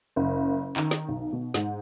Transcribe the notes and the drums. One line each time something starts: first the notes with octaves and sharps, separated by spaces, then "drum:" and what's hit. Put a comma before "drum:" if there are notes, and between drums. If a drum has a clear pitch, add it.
F#1
D#3, drum: clap
drum: snare
B1
B2
G#2, drum: snare